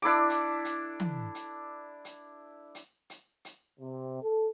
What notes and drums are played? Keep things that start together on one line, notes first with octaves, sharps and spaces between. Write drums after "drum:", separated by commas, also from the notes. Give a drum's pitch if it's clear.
D4 E4 A4 D6
drum: hi-hat
drum: hi-hat
drum: tom
drum: hi-hat
drum: hi-hat
drum: hi-hat
drum: hi-hat
drum: hi-hat
C3
A4